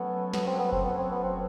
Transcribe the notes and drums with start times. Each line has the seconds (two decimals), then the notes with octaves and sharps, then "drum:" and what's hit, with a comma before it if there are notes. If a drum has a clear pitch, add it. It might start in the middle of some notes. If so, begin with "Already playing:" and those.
Already playing: F#3 A3 B3 C#4 F#4 A4
0.34 B3, drum: snare
0.47 C4
0.59 B3
0.72 C4, drum: kick F1
0.85 B3
0.98 C4
1.11 B3
1.24 C4